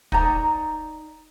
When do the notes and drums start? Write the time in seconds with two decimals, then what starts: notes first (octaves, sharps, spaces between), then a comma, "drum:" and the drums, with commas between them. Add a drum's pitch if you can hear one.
0.12 D#4 D5 A#5, drum: kick